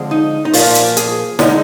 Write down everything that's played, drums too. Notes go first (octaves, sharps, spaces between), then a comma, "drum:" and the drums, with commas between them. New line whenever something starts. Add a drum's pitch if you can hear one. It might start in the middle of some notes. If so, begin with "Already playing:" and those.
Already playing: D3 F3 G#3 C4
D#4
D#4
A#2 F3 A#3 F4, drum: open hi-hat
drum: hi-hat
G#4, drum: hi-hat
D3 G#3 D#4, drum: snare